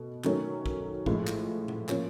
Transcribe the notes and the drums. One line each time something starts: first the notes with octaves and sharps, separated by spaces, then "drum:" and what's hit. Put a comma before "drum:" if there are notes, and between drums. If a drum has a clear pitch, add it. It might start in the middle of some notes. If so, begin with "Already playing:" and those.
Already playing: B2 A3
D#3 F#3 A3 C#4, drum: clap
drum: kick
A2 F3 G#3, drum: kick
drum: clap
drum: tom A#2
F3 A#3 C#4, drum: clap